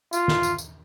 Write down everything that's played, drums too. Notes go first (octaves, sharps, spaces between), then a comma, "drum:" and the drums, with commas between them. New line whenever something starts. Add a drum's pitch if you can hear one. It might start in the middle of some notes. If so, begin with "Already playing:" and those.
F4, drum: tambourine
drum: snare
drum: tambourine
drum: tambourine